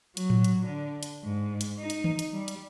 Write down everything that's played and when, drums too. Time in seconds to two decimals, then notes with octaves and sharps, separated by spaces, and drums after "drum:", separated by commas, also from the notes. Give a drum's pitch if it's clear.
0.17 F#3, drum: hi-hat
0.30 drum: tom A2
0.44 drum: hi-hat
0.65 D3
1.03 drum: hi-hat
1.24 G#2
1.61 drum: hi-hat
1.79 D#4
1.90 drum: hi-hat
2.04 drum: tom D#3
2.19 drum: hi-hat
2.33 G3
2.48 drum: hi-hat